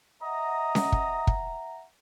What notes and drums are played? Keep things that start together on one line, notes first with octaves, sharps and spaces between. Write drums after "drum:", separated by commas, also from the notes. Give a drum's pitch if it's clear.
D#5 E5 F#5 A#5
drum: snare C#4
drum: kick
drum: kick